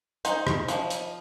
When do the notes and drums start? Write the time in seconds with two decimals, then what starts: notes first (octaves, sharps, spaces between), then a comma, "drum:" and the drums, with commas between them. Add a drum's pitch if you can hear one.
0.25 D#4 C5, drum: hi-hat
0.47 drum: rim click
0.68 F3, drum: hi-hat
0.90 drum: hi-hat